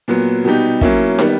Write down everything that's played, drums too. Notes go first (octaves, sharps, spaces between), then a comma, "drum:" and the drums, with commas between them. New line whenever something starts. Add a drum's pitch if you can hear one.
A#2 F#3 B3
B2 G3 B3 D#4 G4
F#3 A#3 C#4 E4, drum: kick
D#3 G3 B3, drum: snare